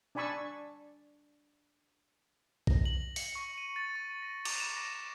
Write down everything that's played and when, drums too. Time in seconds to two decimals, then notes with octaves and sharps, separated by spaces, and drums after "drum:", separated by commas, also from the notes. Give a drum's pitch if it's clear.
0.15 D4 D5 G#5 B5 C#6 E6
2.67 A#6, drum: kick A#1
2.85 F#7
3.16 C#7, drum: open hi-hat
3.35 C#6
3.58 D#7
3.76 A6
3.95 C#6
4.22 A#6
4.45 D6, drum: cymbal
4.60 E7
4.77 A#6